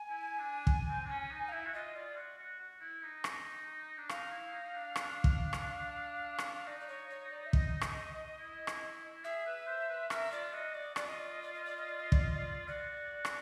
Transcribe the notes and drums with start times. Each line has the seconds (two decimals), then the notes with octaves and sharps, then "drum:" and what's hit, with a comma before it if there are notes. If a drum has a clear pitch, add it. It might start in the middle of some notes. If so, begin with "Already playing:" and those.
Already playing: G#5
0.10 E4
0.38 D4
0.67 drum: kick
0.89 C4
1.05 D4
1.10 C#4
1.31 D#4
1.49 F5
1.52 E4 E5
1.66 F#4
1.74 F4 D#5
1.95 F4 D5
2.16 F#4
2.38 F#4
2.59 F#4
2.81 E4
3.03 D#4
3.24 drum: rim click
3.98 D4
4.09 D#4 F5, drum: rim click
4.27 D#4
4.31 E4
4.52 D#4
4.63 D#4
4.75 D4
4.96 drum: rim click
5.24 drum: kick
5.53 drum: rim click
6.38 drum: rim click
6.67 D#4 D5
6.80 D5
6.88 C#5
7.10 C#5
7.31 D5
7.46 E5
7.53 D#5, drum: kick
7.81 drum: rim click
8.39 E4
8.67 drum: rim click
9.24 G#4 E5
9.46 B4
9.67 C5
9.89 B4
10.10 A#4 E5, drum: rim click
10.31 F4 D5
10.52 F#4 D#5
10.74 F#4 D5
10.96 F4 D5, drum: rim click
11.07 D#5
11.19 D5
11.31 D#5
11.43 D5
11.54 D#5
11.65 D5
11.77 D#5
11.89 D5
12.00 D#5
12.12 D5, drum: kick
12.23 D#5
12.36 D5
12.68 F#4 D5
13.25 drum: rim click